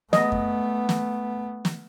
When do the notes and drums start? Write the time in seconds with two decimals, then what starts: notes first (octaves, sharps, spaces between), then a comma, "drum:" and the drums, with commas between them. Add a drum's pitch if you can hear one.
0.13 A3 B3 D#5, drum: snare
0.32 drum: kick F2
0.89 drum: snare
1.65 drum: snare